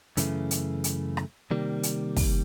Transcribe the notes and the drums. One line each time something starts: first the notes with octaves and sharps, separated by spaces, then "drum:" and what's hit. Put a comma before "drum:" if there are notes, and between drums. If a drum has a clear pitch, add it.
F#2 C#3 E3 A3, drum: hi-hat
drum: hi-hat
drum: hi-hat
drum: rim click
C3 D#3 G3 A#3
drum: hi-hat
drum: kick, open hi-hat